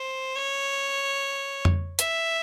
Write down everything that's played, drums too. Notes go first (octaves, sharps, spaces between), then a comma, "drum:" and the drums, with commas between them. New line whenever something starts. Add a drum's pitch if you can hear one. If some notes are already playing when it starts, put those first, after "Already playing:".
Already playing: C5
C#5
drum: tom F2
E5, drum: hi-hat